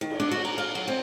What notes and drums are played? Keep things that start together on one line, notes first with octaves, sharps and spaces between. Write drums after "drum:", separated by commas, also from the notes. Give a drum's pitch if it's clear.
D#3
drum: cymbal
D4
F#4
A#5
F5
F#3
C4